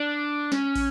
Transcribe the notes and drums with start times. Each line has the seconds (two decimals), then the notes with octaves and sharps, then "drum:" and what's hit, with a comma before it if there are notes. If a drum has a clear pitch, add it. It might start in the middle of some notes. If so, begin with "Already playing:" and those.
Already playing: D4
0.52 C#4, drum: snare
0.75 drum: kick, open hi-hat